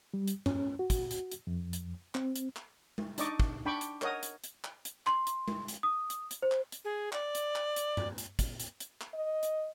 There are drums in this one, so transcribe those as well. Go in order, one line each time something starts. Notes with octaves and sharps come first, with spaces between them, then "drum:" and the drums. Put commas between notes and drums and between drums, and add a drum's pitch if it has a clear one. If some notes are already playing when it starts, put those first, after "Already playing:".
G3
drum: hi-hat
C#4, drum: tom G2
F#4
drum: kick, hi-hat
drum: hi-hat
drum: hi-hat
F2
drum: hi-hat
C4, drum: clap
drum: hi-hat
drum: clap
drum: tom G#3
D4 D#4 D5 D#5 C#6 D6, drum: hi-hat
drum: kick
D4 G5 B5 C#6 D6
drum: hi-hat
A#4 C#5 D#5 F#5 D#6, drum: clap
drum: hi-hat
drum: hi-hat
drum: clap
drum: hi-hat
C6, drum: clap
drum: hi-hat
drum: tom G#3
drum: hi-hat
D#6
drum: hi-hat
drum: hi-hat
C5
drum: clap
drum: hi-hat
G#4
D5, drum: clap
drum: hi-hat
drum: clap
drum: hi-hat
drum: tom G2
drum: hi-hat
drum: kick, hi-hat
drum: hi-hat
drum: hi-hat
drum: clap
D#5
drum: hi-hat